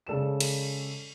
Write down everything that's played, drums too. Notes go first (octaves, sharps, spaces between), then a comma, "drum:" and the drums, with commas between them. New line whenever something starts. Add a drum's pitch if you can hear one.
C#3 G#3 A4 D5 E7
drum: cymbal